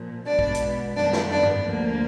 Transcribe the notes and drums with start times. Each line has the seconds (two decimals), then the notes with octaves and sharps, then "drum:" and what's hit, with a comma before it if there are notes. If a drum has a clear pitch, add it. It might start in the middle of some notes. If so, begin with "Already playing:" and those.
Already playing: A#2 F3
0.26 B2 G#3 B3 D4 D5
0.39 drum: kick A#1
0.55 drum: hi-hat
0.96 F#2 D#3 G3 B3 D4 D5
1.13 drum: snare
1.31 D4 D5
1.43 drum: tom G2
1.66 D2 D3 F3 A#3